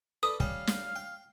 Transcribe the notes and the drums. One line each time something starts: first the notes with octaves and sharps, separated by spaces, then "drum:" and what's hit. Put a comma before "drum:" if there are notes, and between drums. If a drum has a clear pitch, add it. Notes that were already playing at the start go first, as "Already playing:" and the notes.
A4 B4 D5 D#6
G3 C#4 F5 G5, drum: kick
drum: snare
G5